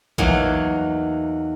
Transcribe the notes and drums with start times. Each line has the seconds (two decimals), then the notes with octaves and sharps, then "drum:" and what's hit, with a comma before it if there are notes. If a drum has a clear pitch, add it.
0.18 E2 F#3 A#3 D#4, drum: kick A#1